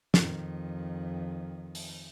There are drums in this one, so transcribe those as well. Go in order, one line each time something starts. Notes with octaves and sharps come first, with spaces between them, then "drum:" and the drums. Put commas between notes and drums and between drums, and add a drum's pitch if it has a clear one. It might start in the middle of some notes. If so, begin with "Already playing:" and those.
F2 D#3, drum: snare
drum: open hi-hat